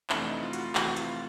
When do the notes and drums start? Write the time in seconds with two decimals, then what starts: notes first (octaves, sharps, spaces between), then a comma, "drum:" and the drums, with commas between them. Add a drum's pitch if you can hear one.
0.10 F2 C3 E3 A3 D4, drum: clap
0.27 D#4
0.43 F4
0.53 F#4, drum: hi-hat
0.58 F4
0.75 F2 C3 E3 A3 F#4, drum: clap
0.97 F4, drum: hi-hat